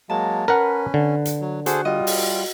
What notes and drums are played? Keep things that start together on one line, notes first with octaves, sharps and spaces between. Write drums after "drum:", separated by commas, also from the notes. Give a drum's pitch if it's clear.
F#3 G#3 A#3 A5
C#4 A#4 B4 F#5
D3
drum: hi-hat
F#3
F#4 G#4 A4 C5, drum: hi-hat
G3 F4 D#5
drum: open hi-hat